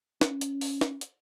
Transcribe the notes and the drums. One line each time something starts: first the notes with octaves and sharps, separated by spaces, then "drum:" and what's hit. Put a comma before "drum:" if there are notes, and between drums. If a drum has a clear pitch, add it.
C#4, drum: snare
drum: hi-hat
drum: open hi-hat
drum: snare
drum: hi-hat